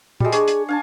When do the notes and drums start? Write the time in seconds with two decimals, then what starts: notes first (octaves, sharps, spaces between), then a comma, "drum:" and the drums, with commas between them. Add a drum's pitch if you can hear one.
0.20 G3 G#3 F#4, drum: tom
0.32 D4 G#4 C#5, drum: hi-hat
0.48 drum: hi-hat
0.69 D4 F5 G#5 A5